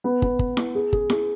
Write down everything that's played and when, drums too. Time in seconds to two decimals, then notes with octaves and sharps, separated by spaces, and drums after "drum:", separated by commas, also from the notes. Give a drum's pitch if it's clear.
0.04 B3
0.22 B3, drum: kick
0.39 drum: kick
0.57 drum: snare E4
0.75 G#4
0.93 G#4, drum: kick
1.10 G#4, drum: snare E4